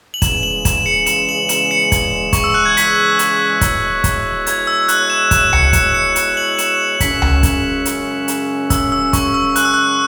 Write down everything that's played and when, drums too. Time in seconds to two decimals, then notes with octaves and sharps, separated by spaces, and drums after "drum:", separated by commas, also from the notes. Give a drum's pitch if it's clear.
0.14 F#7
0.22 E2 C#3 G#3 E7, drum: kick, hi-hat
0.43 F#7
0.65 E7, drum: kick, hi-hat
0.86 C#7
1.06 E7, drum: hi-hat
1.29 F#7
1.49 E7, drum: hi-hat
1.71 C#7
1.92 drum: kick, hi-hat
2.33 C#6, drum: kick, hi-hat
2.44 E6
2.54 F#6
2.65 G#6
2.77 B6, drum: hi-hat
3.19 drum: hi-hat
3.61 B2 G#3 E4 C#5, drum: kick, hi-hat
4.04 drum: kick, hi-hat
4.47 G#6, drum: hi-hat
4.67 E6
4.88 F#6, drum: hi-hat
5.10 E7
5.31 E7, drum: kick, hi-hat
5.53 C#7, drum: tom C#2
5.73 E7, drum: kick, hi-hat
5.94 C#7
6.16 E7, drum: hi-hat
6.37 F#7
6.58 E7, drum: hi-hat
7.00 F#2 C#3 G#3 C#4 B6, drum: kick, hi-hat
7.22 drum: tom C#2
7.43 drum: kick, hi-hat
7.85 drum: hi-hat
8.28 drum: hi-hat
8.70 E6, drum: kick, hi-hat
8.92 E6
9.13 C#6, drum: kick, hi-hat
9.34 E6
9.56 F#6, drum: hi-hat
9.65 E6
9.74 F#6